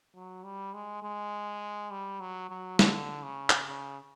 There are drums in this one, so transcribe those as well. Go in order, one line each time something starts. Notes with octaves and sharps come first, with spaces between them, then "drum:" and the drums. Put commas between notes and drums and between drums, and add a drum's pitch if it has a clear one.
F#3
G3
G#3
G#3
G3
F#3
F#3
D3, drum: snare
C#3
drum: clap
C#3